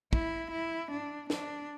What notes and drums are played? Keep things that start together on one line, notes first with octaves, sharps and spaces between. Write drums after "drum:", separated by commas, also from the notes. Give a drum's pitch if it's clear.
E4, drum: kick
E4
D4
D4, drum: snare